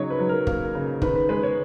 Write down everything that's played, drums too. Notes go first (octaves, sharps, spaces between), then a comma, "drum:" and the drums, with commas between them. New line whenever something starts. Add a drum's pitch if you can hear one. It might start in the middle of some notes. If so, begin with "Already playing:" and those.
Already playing: C#3 F#3 D#4 C#5
B4
F#3
A#4
A#3 A#4, drum: kick
C#3
D#3 B4, drum: kick
B4
G#3 B4
C#5